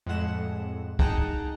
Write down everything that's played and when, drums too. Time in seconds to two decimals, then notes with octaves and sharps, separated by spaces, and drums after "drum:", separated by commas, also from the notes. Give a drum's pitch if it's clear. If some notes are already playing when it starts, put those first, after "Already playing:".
0.06 F2 A2 G#3 F#5 E7
0.99 D#4 G#4 F#5 G5 A5 A#5, drum: kick